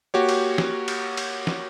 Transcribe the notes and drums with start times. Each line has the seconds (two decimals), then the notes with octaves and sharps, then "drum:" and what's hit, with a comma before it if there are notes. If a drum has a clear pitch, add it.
0.14 A#3 F#4 G4 C#5
0.29 drum: cymbal
0.58 drum: snare
0.88 drum: cymbal
1.17 drum: cymbal
1.47 drum: snare